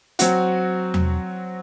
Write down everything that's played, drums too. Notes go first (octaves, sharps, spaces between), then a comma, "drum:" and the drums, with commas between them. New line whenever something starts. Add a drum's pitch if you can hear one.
F#3 C4 F#4, drum: hi-hat
drum: tom E2